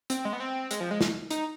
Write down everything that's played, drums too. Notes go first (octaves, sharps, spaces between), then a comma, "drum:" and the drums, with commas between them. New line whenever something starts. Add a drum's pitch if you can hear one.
C4, drum: hi-hat
G#3
B3
C4
G#3, drum: hi-hat
F3
G#3
drum: snare
D#4, drum: hi-hat